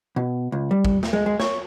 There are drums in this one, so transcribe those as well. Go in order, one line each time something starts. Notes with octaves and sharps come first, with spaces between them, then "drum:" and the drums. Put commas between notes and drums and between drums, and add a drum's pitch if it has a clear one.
B2
C#2
G3
drum: kick
drum: snare
G#3
G#3
C#5, drum: snare